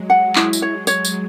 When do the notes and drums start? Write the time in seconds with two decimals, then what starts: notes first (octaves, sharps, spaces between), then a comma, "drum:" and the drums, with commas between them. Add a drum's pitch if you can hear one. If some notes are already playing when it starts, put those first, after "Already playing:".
Already playing: F#3 G#3
0.10 F#5
0.36 F#3 G#3 E4, drum: clap
0.53 drum: tambourine
0.62 C#5
0.87 F#3 G#3 C#5, drum: tambourine
1.05 drum: tambourine